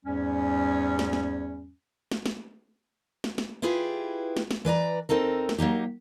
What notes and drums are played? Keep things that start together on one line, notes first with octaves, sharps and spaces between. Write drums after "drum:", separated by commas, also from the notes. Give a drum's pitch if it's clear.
E2 G#2 G3 C#4
drum: snare
drum: snare
drum: snare
drum: snare
drum: snare
drum: snare
E4 F4 G4 G#4 B4
drum: snare
drum: snare
E3 B4 D5 A#5
C4 D#4 A4 A#4
drum: snare
F#3 A#3 D#4 G4